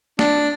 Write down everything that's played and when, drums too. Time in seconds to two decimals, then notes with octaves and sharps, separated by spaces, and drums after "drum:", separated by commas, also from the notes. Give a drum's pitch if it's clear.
0.19 D4, drum: snare